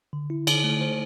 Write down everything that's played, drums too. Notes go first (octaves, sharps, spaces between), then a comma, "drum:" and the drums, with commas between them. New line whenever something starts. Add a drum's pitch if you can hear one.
D3
E4
D3, drum: cymbal
A3
C5